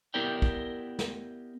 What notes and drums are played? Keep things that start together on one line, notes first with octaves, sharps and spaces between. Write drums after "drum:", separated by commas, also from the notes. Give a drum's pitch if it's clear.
B3 E4 G4 A#4 D5 G5
drum: kick
drum: snare